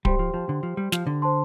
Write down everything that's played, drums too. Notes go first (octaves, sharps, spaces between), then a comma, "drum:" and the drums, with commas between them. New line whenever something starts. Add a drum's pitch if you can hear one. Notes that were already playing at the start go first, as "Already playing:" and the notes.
G3 G4 C5 G5 C6, drum: kick D1
F3
F3
D3
F3
G3
F3, drum: snare
D3
C5 A5 C6